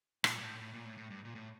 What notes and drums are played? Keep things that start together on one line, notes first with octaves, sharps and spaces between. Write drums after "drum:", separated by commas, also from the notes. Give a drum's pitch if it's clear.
A#2, drum: rim click
G2
A2
A2
A#2
A2
A2
G2
A#2
A2